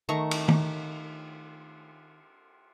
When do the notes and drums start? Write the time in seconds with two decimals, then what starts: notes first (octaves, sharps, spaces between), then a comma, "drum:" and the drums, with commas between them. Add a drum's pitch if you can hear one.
0.09 D#3 A3 A#5 C#6
0.31 drum: cymbal
0.48 drum: tom D#3